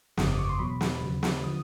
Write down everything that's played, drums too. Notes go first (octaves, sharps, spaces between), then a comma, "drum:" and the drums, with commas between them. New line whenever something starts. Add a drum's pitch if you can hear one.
G1 F2 C#3 D#6, drum: snare
D6
C#6
C6
E2 B2 F#3 B5
drum: snare
D#2 C#3 F#3
drum: snare
D3 F3 D#6